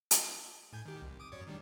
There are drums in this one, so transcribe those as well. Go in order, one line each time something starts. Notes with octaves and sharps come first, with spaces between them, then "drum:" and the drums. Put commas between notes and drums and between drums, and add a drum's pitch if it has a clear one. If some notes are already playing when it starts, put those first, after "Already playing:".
drum: hi-hat
A2 G#5 G6
D#3 G4
C2
D6 D#6
F#2 C#5 D5
D#3 G3 D4